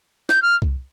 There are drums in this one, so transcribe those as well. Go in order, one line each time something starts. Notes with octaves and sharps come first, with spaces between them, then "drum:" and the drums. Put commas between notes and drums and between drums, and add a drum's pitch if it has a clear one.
G6, drum: snare
F6
drum: kick C2